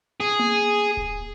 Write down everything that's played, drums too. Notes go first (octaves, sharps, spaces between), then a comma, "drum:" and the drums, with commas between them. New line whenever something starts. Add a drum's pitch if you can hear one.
G#4
drum: tom A#3
drum: kick D1